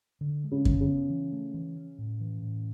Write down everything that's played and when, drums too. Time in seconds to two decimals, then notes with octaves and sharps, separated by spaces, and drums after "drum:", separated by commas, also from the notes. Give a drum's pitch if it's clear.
0.21 D3
0.44 G#3
0.51 C#3
0.65 D3, drum: kick F#2
0.81 C#3
0.88 B3
1.10 E3
1.33 A3
1.54 E3
1.76 C#4
1.98 A2
2.21 E3
2.42 A2